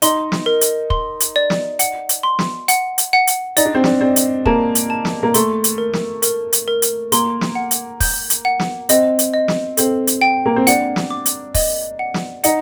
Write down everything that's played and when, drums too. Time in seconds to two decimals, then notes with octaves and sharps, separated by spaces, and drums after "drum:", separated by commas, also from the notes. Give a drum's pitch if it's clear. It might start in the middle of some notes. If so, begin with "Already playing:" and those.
0.02 D#4 C6, drum: hi-hat
0.32 drum: snare
0.46 A#4
0.61 drum: hi-hat
0.90 C6, drum: kick
1.20 drum: hi-hat
1.36 D5
1.50 drum: snare
1.79 F#5, drum: hi-hat
2.09 drum: hi-hat
2.23 C6
2.39 drum: snare
2.68 F#5, drum: hi-hat
2.98 drum: hi-hat
3.13 F#5
3.27 drum: hi-hat
3.57 D#4 D5, drum: hi-hat
3.65 D4
3.75 C4
3.84 D4, drum: snare
4.01 C4 D5
4.16 drum: hi-hat
4.46 A#3 A5, drum: kick
4.75 drum: hi-hat
4.90 A5
5.05 drum: snare
5.23 A#3
5.34 A3 C6, drum: hi-hat
5.64 drum: hi-hat
5.78 A#4
5.93 drum: snare
6.22 A#4, drum: hi-hat
6.53 drum: hi-hat
6.68 A#4
6.82 drum: hi-hat
7.12 A#3 C6, drum: hi-hat
7.41 drum: snare
7.55 F#5
7.71 drum: hi-hat
8.00 G6, drum: kick, open hi-hat
8.30 drum: hi-hat
8.45 F#5
8.59 drum: snare
8.89 C4 D#5, drum: hi-hat
9.19 drum: hi-hat
9.33 D#5
9.48 drum: snare
9.77 C4 A4, drum: hi-hat
10.07 drum: hi-hat
10.21 G5
10.46 A#3
10.56 C4
10.67 D4 F#5, drum: hi-hat
10.96 drum: snare
11.10 D6
11.26 drum: hi-hat
11.55 D#5, drum: kick, open hi-hat
11.99 F#5
12.14 drum: snare
12.44 D#4 F#5, drum: hi-hat